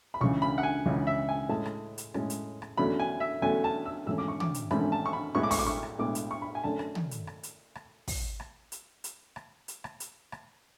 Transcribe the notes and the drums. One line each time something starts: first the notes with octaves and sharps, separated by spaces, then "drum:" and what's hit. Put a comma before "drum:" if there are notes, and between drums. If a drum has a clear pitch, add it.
B5
C#2 C#3 E3 C#6
B5
F#5
G#5
C#2 C#3 E3
E5
G#5
A2 G#3 C#4 A5
drum: rim click
drum: hi-hat
A2 G#3 C#4, drum: rim click
drum: hi-hat
drum: rim click
E2 D3 F#3 A3 C#4 B5
G#5
E5
E2 D3 F#3 A3 C#4 G#5
A5
E6
G#1 G#2 E3 A3 C#4 E6
D6
C#6
D6, drum: tom
drum: hi-hat
G#1 G#2 E3 A3 C#4 B5, drum: rim click
A5
C#6
B5
B1 A2 G#3 B3 C#6
D6
C#6, drum: kick, open hi-hat
D6
C#6
drum: rim click
B1 A2 G#3 B3 D6
drum: hi-hat
C#6
B5
G#5
F#2 D3 A3 C#4 A5
drum: rim click
drum: tom
drum: hi-hat
drum: rim click
drum: hi-hat
drum: rim click
drum: kick, open hi-hat
drum: rim click
drum: hi-hat
drum: hi-hat
drum: rim click
drum: hi-hat
drum: rim click
drum: hi-hat
drum: rim click